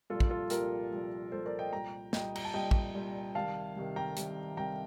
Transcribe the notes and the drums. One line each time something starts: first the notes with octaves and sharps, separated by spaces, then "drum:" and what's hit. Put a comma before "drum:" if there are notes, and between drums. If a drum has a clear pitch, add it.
C2 A#2 F3 F4 A4
drum: kick
F4 A4
C2 A#2 F3 G4 A#4, drum: hi-hat
C2 A#2 F3
C2 A#2 F3 A4 C5
A#4 D5
D#5 G5
C2 A#2 G3 G5 A#5
C2 A#2 G3 D#5 G5, drum: snare
A#5, drum: cymbal
A5
C2 A#2 G3 D#5 G5
drum: kick
C2 A#2 G3
C2 C3 D#3 F5 A5
C2 C3 D#3
G5 A#5
C2 C3 D#3, drum: hi-hat
C2 C3 D#3 G5 A#5